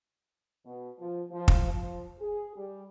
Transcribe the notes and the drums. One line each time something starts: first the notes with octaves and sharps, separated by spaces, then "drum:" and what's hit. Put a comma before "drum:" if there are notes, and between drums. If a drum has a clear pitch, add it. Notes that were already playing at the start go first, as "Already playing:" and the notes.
B2
F3
F3
drum: kick
F3
G#4
G3